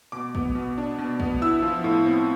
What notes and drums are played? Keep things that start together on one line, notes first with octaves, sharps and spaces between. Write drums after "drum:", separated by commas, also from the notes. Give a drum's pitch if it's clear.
B2 D6
B3, drum: kick A1
B2
D4
B2
B3, drum: kick A1
E4 E6
F3
A2
C4